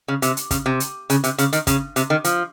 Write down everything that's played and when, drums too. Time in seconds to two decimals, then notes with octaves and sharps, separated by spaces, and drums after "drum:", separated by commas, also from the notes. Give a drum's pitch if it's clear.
0.08 C#3
0.22 C3, drum: hi-hat
0.37 drum: hi-hat
0.51 C#3, drum: kick, hi-hat
0.66 C3
0.80 drum: hi-hat
1.10 C#3, drum: hi-hat
1.24 C3, drum: hi-hat
1.38 C#3, drum: hi-hat
1.53 D#3, drum: hi-hat
1.67 C#3, drum: kick, hi-hat
1.96 C3, drum: hi-hat
2.10 D#3
2.24 F3, drum: hi-hat